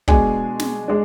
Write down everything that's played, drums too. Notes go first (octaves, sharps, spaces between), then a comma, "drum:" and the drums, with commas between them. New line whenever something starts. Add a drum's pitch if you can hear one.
B2 G#3 D4 G#5, drum: kick
drum: snare
G#3 D4